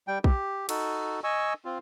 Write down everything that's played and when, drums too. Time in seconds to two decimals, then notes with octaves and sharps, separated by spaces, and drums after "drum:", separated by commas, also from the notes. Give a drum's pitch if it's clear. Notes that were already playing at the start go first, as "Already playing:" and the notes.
0.08 G3 G5
0.24 G4, drum: kick A#1
0.69 D#4 F#4 A4, drum: cymbal
1.24 D#5 G#5 C#6 E6
1.65 C4 F4